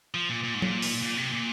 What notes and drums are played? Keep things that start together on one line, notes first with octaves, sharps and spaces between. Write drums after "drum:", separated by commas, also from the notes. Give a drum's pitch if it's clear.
F3
A#2
A#2
G#2
A#2, drum: tom F#3
drum: open hi-hat
A#2
C3
A#2